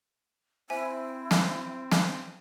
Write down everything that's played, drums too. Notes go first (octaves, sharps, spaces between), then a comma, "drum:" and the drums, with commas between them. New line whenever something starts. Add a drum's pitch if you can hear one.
C4 E4 C5 E5 G#5
drum: snare
drum: snare